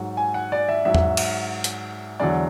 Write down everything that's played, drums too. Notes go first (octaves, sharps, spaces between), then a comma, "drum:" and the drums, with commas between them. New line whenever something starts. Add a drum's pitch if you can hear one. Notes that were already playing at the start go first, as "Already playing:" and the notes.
Already playing: G#2 F#3
G#5
F#5
D5
E5
G#2 F#3 E5
drum: tom E2
drum: cymbal
drum: hi-hat
E2 D3 F#3 D5